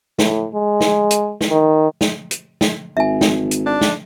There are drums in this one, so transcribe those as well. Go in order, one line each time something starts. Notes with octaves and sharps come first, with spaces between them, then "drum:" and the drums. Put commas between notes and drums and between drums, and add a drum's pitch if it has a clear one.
A2, drum: snare
G#3
drum: snare
drum: hi-hat
drum: snare
D#3
drum: snare
drum: hi-hat
drum: snare
G#1 E5 G#5
drum: snare
drum: hi-hat
D4
drum: snare